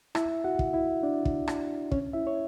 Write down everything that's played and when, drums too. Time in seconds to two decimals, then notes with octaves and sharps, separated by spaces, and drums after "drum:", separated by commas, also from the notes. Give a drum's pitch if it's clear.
0.15 E4 E5, drum: rim click
0.44 F#4 F#5
0.59 drum: kick
0.73 E4 E5
1.03 D4 D5
1.25 drum: kick
1.48 drum: rim click
1.91 C#4 C#5, drum: kick
2.13 E4 E5
2.27 C#5